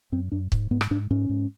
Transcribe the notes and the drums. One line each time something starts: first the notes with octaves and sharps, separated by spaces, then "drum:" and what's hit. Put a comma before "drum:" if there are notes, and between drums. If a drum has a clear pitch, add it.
F#2 C4
F#2 D4
G#2, drum: kick
G#2 B3
drum: rim click
G#2 D4
G#2 C#4
G#2